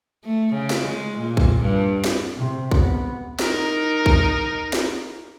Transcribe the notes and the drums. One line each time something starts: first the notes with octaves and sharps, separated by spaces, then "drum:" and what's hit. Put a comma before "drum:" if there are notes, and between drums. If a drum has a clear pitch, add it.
A3
C#3
drum: snare
G#3
A#2
drum: kick
G2
drum: snare
C3
drum: kick
B3
D#4 A#4, drum: snare
drum: kick
drum: snare